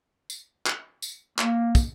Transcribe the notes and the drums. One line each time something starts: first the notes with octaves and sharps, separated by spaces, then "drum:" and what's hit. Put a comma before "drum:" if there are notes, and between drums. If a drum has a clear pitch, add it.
drum: tambourine
drum: clap
drum: tambourine
A#3, drum: clap
drum: kick, tambourine